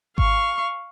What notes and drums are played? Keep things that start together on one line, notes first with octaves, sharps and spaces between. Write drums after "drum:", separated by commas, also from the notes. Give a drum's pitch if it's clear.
F5 C#6, drum: kick G#1